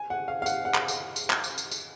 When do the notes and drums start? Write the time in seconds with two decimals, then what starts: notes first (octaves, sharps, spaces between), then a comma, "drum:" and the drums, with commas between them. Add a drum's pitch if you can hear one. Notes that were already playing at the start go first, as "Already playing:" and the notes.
Already playing: G#5
0.10 F#5
0.28 F5
0.42 F5
0.46 F#5, drum: tambourine
0.65 F#5
0.74 drum: clap
0.88 drum: tambourine
1.16 drum: tambourine
1.30 drum: clap
1.44 drum: tambourine
1.58 drum: tambourine
1.72 drum: tambourine